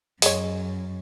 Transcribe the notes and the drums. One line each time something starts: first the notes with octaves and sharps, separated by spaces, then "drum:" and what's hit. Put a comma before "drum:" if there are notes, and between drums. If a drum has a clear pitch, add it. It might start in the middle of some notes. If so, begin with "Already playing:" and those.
F#2 G#3 C#5, drum: open hi-hat